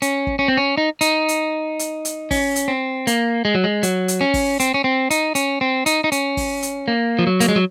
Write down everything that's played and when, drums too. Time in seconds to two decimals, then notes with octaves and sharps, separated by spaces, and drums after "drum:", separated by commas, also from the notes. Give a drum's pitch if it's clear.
0.02 C#4, drum: hi-hat
0.27 drum: kick
0.39 C#4
0.48 C4
0.57 C#4
0.77 D#4
1.01 D#4, drum: hi-hat
1.29 drum: hi-hat
1.79 drum: hi-hat
2.05 drum: hi-hat
2.31 C#4, drum: kick, open hi-hat
2.56 drum: hi-hat
2.68 C4
3.07 A#3, drum: hi-hat
3.45 G#3
3.55 F#3
3.64 G#3
3.83 F#3, drum: hi-hat
4.08 drum: hi-hat
4.21 C#4
4.34 drum: kick, open hi-hat
4.60 C4, drum: hi-hat
4.74 C#4
4.84 C4
5.11 D#4, drum: hi-hat
5.35 C#4, drum: hi-hat
5.61 C4
5.86 D#4, drum: hi-hat
6.04 D#4
6.12 C#4, drum: hi-hat
6.37 drum: kick, open hi-hat
6.63 drum: hi-hat
6.88 A#3
7.19 F3
7.27 F#3
7.40 A#3, drum: hi-hat
7.49 G#3
7.56 F#3